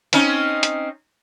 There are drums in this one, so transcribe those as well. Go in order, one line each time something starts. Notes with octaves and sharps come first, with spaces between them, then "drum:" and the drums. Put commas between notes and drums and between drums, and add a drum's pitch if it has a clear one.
C4 C#4 D#4, drum: hi-hat
drum: hi-hat